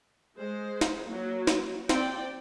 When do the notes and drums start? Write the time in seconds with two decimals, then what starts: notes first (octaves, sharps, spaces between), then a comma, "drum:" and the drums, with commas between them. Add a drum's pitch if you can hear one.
0.38 G#3 C5
0.81 drum: snare
1.08 F#3 A#3
1.47 drum: snare
1.89 C4 D5 G5, drum: snare